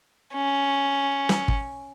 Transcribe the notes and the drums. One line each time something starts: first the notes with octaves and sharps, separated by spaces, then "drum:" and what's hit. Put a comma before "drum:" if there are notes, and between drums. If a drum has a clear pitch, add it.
C#4
drum: snare
drum: kick